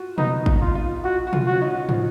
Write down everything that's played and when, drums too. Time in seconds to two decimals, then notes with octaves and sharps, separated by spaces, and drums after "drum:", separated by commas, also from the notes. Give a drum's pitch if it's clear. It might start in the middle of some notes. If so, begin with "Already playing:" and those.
Already playing: F4 F#4
0.18 B3 D#4, drum: tom B2
0.46 D#4, drum: kick G#1
0.61 F4
0.75 F4
1.03 F4 F#4
1.27 F#4
1.33 F4, drum: tom B2
1.46 F#4
1.53 C#4
1.61 D#4
1.89 F3, drum: tom